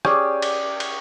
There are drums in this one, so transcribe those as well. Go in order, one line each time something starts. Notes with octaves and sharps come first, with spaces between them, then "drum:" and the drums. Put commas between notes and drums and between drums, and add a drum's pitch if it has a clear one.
C#4 G4 G#4 D5, drum: rim click
drum: cymbal
drum: cymbal